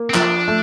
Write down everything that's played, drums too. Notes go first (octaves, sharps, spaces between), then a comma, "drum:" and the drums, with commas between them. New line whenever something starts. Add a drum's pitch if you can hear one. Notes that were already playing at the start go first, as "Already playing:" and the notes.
Already playing: A#3
C4
F3 D4, drum: clap
A3